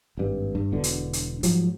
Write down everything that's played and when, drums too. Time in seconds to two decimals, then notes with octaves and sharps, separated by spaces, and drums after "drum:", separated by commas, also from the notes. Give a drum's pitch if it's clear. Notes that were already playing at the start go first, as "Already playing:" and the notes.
0.17 G#1 G2
0.55 G2
0.72 E1 B2 D3
0.84 drum: hi-hat
1.13 drum: hi-hat
1.43 G#2 F3 F#3, drum: hi-hat